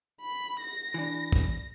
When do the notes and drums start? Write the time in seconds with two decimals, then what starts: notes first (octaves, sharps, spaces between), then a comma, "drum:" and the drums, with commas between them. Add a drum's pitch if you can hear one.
0.21 B5
0.61 A#6
0.94 E3 D4
1.32 drum: kick